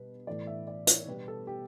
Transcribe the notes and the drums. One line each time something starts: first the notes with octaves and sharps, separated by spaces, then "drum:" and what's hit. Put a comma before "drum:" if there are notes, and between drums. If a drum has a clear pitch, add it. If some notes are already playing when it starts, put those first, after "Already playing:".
Already playing: B2 G3 B3 B4
A2 E3 A3 D5
E5
D5
C#5, drum: hi-hat
B2 G3 B3 B4
A4
G4